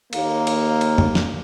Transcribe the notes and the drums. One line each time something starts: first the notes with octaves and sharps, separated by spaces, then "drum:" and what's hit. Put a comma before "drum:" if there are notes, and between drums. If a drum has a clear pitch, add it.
D#2 A#3, drum: cymbal
drum: cymbal
drum: cymbal
drum: tom F2
drum: snare